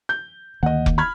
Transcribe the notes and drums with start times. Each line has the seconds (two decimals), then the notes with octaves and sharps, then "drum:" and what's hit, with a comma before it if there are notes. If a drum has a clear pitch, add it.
0.09 G6
0.63 D2 D#3 A#3 D#5 F#5
0.86 drum: kick F1
0.98 B5 F6 G#6